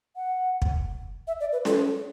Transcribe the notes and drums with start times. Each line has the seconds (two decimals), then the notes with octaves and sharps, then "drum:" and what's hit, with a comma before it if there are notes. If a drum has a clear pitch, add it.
0.16 F#5
0.62 drum: kick
1.27 E5
1.40 D5
1.52 B4
1.65 A4, drum: snare C#4